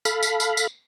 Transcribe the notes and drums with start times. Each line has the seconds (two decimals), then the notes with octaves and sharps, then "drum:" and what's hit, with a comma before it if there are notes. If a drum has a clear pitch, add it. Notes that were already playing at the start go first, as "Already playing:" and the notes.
0.05 A4 F5 B5, drum: tambourine
0.23 drum: tambourine
0.40 drum: tambourine
0.57 drum: tambourine